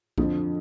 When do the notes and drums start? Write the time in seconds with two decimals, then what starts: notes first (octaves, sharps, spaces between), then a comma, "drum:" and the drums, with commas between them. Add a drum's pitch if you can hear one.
0.18 F2 D3 F3, drum: kick B1